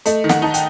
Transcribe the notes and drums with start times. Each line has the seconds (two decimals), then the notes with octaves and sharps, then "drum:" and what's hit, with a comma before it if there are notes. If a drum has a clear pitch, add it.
0.06 A3 D#5, drum: hi-hat
0.24 D#3
0.29 F#5, drum: snare
0.42 D#4 A5
0.54 G5, drum: hi-hat